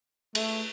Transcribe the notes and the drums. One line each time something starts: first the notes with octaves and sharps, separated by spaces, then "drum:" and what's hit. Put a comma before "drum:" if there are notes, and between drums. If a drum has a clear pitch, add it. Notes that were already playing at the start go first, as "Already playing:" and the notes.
A3, drum: cymbal